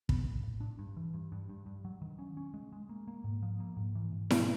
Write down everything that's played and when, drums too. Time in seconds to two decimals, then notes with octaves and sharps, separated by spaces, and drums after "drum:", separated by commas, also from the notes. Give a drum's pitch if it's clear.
0.09 B3, drum: kick
0.27 A2
0.43 A2
0.61 D4
0.79 G2
0.97 E3
1.14 G2
1.32 G2
1.49 G2
1.66 G2
1.85 F#3
2.02 D#3
2.19 C#4
2.37 C#4
2.54 G#3
2.72 G#3
2.89 A#3
3.08 A#3
3.24 G#2
3.42 F3
3.60 A#3
3.77 G#2
3.95 E3
4.12 G#2
4.30 B2, drum: snare E4